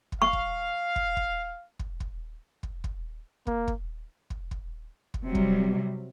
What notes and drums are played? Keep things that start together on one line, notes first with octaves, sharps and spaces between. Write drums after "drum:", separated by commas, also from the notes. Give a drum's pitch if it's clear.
drum: kick
F5 C#6
drum: kick
drum: kick
drum: kick
drum: kick
drum: kick
drum: kick
drum: kick
A#3, drum: kick
drum: kick
drum: kick
drum: kick
drum: kick
C3 F#3 G3
drum: kick